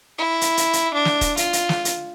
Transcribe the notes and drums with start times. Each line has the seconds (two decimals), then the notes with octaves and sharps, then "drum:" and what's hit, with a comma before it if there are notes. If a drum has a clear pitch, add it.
0.18 E4
0.41 drum: hi-hat
0.57 drum: hi-hat
0.73 drum: hi-hat
0.93 D4
1.05 drum: snare
1.21 drum: kick D#1, hi-hat
1.37 F4, drum: hi-hat
1.53 drum: hi-hat
1.69 drum: snare
1.85 drum: hi-hat